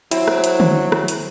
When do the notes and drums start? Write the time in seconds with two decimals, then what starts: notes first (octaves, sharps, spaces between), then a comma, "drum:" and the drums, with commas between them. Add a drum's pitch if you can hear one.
0.11 F#3 C4 E4, drum: hi-hat
0.28 drum: rim click
0.44 drum: hi-hat
0.60 drum: tom D3
0.92 drum: rim click
1.08 drum: hi-hat